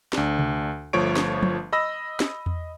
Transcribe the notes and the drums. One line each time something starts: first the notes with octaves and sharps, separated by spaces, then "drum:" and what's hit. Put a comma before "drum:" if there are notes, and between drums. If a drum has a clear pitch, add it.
D2 D4, drum: snare
drum: tom C3
G1 F3 A3 C#5 D7
drum: snare
drum: tom F3
D#5 B5 E6 A#6
drum: snare
drum: tom E2